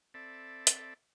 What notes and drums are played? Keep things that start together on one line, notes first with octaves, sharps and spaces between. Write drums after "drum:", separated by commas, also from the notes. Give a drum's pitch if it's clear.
C4 A4 D5 E5 A5 B5
drum: hi-hat